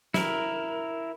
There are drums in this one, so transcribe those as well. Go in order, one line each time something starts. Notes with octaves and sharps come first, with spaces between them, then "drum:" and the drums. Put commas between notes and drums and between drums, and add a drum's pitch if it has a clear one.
E4 A#4, drum: snare